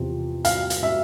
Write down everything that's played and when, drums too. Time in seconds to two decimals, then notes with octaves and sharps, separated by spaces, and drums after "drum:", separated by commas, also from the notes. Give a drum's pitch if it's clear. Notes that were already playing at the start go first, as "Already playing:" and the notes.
Already playing: E2 C3 F3 C4
0.45 F5, drum: hi-hat
0.70 drum: hi-hat
0.83 E5